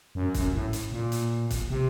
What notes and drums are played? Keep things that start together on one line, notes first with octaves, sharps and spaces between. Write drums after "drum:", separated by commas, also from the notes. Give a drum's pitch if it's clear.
F#2
F#2, drum: kick, hi-hat
A2
drum: hi-hat
A#2
drum: hi-hat
drum: kick, hi-hat
C3